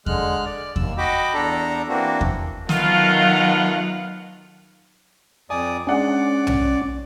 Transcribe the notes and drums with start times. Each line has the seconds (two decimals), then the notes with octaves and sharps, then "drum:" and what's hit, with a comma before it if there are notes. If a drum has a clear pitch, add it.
0.06 D3 G#3 F6 F#6, drum: kick E2
0.46 D5
0.76 D#2 E6, drum: kick E2
0.98 F#4 D#5 G5 B5 D6
1.34 E2 D4 A4 A#5
1.89 E3 A#3 C4 D4 F#4
2.21 drum: kick E2
2.69 D#3 F#3 A3 B3 F4 F5 F#5, drum: snare
5.50 F2 D5 G#5 D#6
5.87 G#3 C#4 D4 D5 F#5
6.47 drum: tom B1